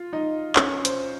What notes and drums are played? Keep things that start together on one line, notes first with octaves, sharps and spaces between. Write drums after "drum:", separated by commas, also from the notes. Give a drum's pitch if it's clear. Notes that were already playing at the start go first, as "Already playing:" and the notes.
Already playing: F4
D#4 D#5
C#4 C#5, drum: clap
C5, drum: hi-hat